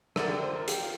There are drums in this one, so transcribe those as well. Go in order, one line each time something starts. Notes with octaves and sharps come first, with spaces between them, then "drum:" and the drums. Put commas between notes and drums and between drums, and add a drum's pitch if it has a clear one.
D3 A#4, drum: rim click
G4
C5
A#4
G4, drum: hi-hat
F4